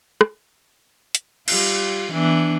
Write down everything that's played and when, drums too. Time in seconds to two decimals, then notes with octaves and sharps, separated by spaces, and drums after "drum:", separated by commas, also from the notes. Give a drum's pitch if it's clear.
0.21 drum: rim click
1.15 drum: hi-hat
1.48 G3 F4, drum: cymbal
2.12 E3 B3 D4